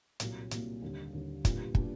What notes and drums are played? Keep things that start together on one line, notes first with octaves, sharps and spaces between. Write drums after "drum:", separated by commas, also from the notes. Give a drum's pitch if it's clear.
C2 A#2 F#3 A#3, drum: hi-hat
C2 A#2 F#3 A#3, drum: hi-hat
D#2 D3 G3
D#2 D3 G3
A#2 G3 B3 D4 F4, drum: kick, hi-hat
A#2 G3 B3 D4 F4, drum: kick